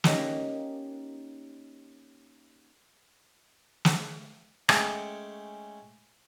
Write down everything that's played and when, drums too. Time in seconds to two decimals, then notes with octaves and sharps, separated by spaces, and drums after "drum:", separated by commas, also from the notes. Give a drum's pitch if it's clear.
0.04 A#3 C#4 D#4 G4 F5 G5, drum: snare
3.85 drum: snare
4.69 G#3 A3 C#4 G5 C#6, drum: rim click